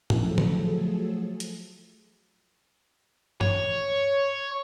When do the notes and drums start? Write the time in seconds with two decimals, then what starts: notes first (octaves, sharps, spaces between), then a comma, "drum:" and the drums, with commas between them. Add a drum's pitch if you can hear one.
0.10 F3 F#3 A3 G#4 A4, drum: tom A2
0.38 drum: tom D3
1.40 drum: hi-hat
3.41 C#5, drum: tom G2